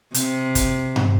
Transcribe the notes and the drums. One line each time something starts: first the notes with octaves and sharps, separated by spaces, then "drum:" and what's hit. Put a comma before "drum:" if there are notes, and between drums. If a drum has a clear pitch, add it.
C3, drum: hi-hat
drum: kick, hi-hat
drum: tom G2